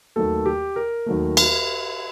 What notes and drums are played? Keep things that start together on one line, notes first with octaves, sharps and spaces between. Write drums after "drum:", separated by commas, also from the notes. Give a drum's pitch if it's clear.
D#2 D#3 F#3 A3 A4
G4
A#4
D#2 D#3 F#3 A3
drum: cymbal